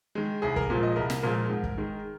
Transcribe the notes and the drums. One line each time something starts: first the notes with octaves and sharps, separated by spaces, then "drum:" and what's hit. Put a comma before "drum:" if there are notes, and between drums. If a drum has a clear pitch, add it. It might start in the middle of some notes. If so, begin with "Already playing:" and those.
D#3 G#3
C2 G#4
A#4, drum: kick
A#2 F3 G#3
D#5
C2 A#4
drum: snare
A#2 F3 G#3 A#4
G#2
drum: kick
D#3 G#3